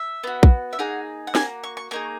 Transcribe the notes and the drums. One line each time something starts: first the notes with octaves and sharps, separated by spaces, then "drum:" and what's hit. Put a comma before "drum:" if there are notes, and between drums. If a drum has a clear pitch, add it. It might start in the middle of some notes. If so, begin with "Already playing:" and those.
Already playing: E5
B3 F#4
drum: kick A#1
E5
A#3 D#4 G#4 F#5
F#5
A#3 D#4 F#4 G#5, drum: snare
C#6
C#6
A#3 D#4 G#4 C#6